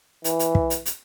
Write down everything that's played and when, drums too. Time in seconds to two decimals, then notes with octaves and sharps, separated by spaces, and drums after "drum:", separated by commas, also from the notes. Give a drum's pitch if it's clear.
0.24 E3, drum: hi-hat
0.39 drum: hi-hat
0.55 drum: kick
0.70 drum: hi-hat
0.86 drum: hi-hat